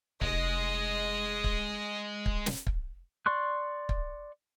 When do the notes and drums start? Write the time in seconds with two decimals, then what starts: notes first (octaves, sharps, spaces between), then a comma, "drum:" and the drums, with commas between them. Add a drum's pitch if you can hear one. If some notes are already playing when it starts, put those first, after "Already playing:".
0.22 F1 G#3 D#5, drum: kick
1.44 drum: kick
2.26 drum: kick
2.46 drum: snare
2.67 drum: kick
3.26 D5 C6 C#6 F#6
3.89 drum: kick